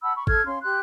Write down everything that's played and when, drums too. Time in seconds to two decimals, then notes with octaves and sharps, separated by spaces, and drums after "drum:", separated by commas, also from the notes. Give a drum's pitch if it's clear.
0.02 F#5 A5 B5 E6
0.15 B5 C#6
0.27 A4 F6 G#6, drum: kick G1
0.45 C#4 F5 C6
0.63 G4 C6 F#6